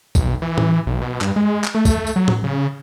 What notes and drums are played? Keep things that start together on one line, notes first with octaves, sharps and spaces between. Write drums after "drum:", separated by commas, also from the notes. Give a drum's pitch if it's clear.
B1, drum: kick, tambourine
E3
drum: tom A2
B1
B2
G2, drum: clap
G#3
drum: clap
A3
drum: kick, tambourine
drum: tambourine
F#3
drum: tom A2
C#3